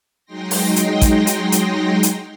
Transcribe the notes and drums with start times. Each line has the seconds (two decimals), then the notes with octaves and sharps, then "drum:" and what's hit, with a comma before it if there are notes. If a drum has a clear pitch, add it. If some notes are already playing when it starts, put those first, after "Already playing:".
0.25 F#3 G#3 D#4 G5 C6 A#6
0.51 drum: open hi-hat
0.76 drum: hi-hat
1.01 drum: kick A1, hi-hat
1.27 drum: hi-hat
1.52 drum: hi-hat
2.03 drum: hi-hat